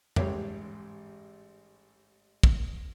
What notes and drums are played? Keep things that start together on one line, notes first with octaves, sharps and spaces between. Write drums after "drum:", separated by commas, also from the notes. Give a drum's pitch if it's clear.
A1 G#2 G3 C#5 G5 D6, drum: tom F2
drum: kick